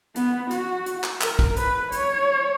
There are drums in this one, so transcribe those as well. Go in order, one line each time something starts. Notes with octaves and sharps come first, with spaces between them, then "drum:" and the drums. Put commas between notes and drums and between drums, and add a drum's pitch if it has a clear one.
B3, drum: hi-hat
F#4, drum: hi-hat
drum: hi-hat
drum: clap
A#4, drum: clap
drum: kick
B4, drum: hi-hat
C#5, drum: hi-hat